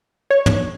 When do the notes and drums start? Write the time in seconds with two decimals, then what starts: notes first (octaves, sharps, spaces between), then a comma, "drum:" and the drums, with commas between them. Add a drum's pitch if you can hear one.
0.30 C#5
0.46 drum: tom